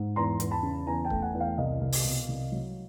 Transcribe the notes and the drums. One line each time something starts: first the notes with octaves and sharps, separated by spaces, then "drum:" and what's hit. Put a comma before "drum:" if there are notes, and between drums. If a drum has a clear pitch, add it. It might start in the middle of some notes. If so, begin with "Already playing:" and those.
Already playing: G#2
E2 A#5 C6
E2, drum: hi-hat
A5 B5
C#3
E2 G#5 A#5
G5 A5
A3, drum: kick C#1
F#5 G#5
E2
F5 G5
C2 D#5 F5
C2
drum: open hi-hat
B2
C2
F#3